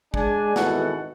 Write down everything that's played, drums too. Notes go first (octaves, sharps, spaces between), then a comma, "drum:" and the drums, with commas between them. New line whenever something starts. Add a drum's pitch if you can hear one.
G#3 D4 G#5, drum: kick
G#1 B2 E3 F#4 A4 F#5, drum: snare